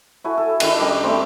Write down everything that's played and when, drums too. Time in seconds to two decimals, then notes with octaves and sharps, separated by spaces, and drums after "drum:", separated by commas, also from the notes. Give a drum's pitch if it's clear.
0.24 E4 F#4 A4 G#5
0.38 A4
0.60 D#3 D4 E4, drum: cymbal
0.79 F#2 G3 D#5 D6
1.03 G3 A3 C4